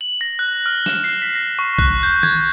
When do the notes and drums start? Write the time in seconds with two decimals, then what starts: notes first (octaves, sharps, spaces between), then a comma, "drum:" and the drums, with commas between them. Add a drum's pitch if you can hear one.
0.01 F#7
0.21 A#6
0.39 F#6
0.66 F6
0.86 E7, drum: snare
1.04 C7
1.22 B6
1.35 A#6
1.59 C#6
1.79 F#6, drum: kick B1
2.03 G6
2.23 G#6, drum: tom D#3